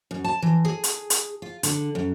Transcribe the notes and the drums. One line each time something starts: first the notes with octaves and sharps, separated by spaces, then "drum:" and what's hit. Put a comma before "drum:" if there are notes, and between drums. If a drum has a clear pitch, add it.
F#2
A5
E3
G#4
drum: hi-hat
drum: hi-hat
F4
D3, drum: hi-hat
F#2